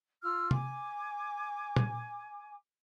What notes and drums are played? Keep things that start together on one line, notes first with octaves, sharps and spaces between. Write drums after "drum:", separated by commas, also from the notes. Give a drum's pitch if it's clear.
F4 E6 F6
G#5 D6, drum: tom
drum: tom